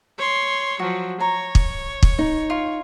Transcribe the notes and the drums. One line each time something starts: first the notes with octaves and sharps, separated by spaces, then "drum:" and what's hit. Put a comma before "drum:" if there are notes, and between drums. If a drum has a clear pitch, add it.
C#5 C6
F3 F#3 F#4
C#5 A#5
drum: kick
drum: kick
D#4
F4